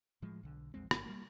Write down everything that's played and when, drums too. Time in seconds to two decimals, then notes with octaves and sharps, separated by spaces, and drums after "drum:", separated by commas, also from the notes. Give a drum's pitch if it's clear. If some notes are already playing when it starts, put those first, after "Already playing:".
0.22 A2 F3 G#3
0.43 B1 D3
0.74 A#1 E2 G#3 C4
0.91 G1, drum: rim click
1.06 G3 A#3